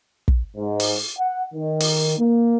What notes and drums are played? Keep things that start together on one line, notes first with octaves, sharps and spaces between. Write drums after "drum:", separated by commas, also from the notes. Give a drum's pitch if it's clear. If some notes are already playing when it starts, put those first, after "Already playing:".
drum: kick
G#2
drum: open hi-hat
F#5
D#3
drum: open hi-hat
A#3